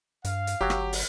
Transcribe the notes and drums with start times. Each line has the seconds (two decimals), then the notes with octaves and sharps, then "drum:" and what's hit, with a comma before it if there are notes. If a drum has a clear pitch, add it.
0.25 G2 F5, drum: hi-hat
0.47 drum: hi-hat
0.61 G1 F#3 G4
0.70 drum: rim click
0.93 drum: open hi-hat